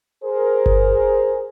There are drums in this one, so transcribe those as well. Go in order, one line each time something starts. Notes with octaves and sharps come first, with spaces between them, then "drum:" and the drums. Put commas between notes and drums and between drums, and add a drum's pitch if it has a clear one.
G#4 A#4 C5
drum: kick G1